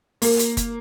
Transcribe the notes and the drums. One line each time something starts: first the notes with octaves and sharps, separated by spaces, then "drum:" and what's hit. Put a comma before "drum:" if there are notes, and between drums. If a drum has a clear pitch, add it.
A#3, drum: open hi-hat
drum: hi-hat
drum: kick F#1, hi-hat